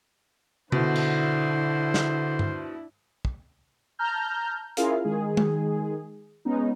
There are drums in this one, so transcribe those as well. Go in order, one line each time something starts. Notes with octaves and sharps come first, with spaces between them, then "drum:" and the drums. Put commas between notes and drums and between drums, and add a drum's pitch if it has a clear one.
B2 D3 D4 E4 C5, drum: tom C3
drum: cymbal
drum: snare
drum: tom G2
drum: kick
A5 A#5 F6 G6
C#4 E4 F4 G#4 A#4 F5, drum: hi-hat
D#3 G#3 G#4
drum: tom G#3
G#3 B3 C#4 D#4